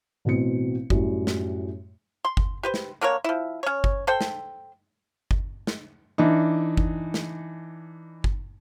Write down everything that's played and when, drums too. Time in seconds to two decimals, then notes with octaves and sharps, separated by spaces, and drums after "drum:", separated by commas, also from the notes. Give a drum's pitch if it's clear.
0.25 A1 B2 C4 C#7
0.90 F#2 A2 G3, drum: kick G1
1.27 drum: snare
2.25 C6
2.37 drum: kick G1
2.63 G4 B4 C5
2.74 drum: snare
3.01 D3 A#3 A#4 C#5
3.24 F3 E4
3.63 C#4 C#5
3.84 drum: kick G1
4.07 A4 C5 G5
4.21 drum: snare
5.31 drum: kick G1
5.67 drum: snare
6.18 E3 D4 D#4
6.77 drum: kick G1
7.14 drum: snare
8.24 drum: kick G1